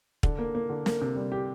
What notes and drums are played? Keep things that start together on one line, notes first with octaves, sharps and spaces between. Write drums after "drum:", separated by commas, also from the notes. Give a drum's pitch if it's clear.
D3, drum: kick
A#3
A#3
D3
A#3, drum: snare
C3
G3
G4